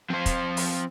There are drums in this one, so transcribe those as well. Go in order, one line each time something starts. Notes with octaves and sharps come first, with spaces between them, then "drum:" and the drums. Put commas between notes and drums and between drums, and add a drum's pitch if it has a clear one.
F3 C4 C5 F5
drum: kick, hi-hat
drum: open hi-hat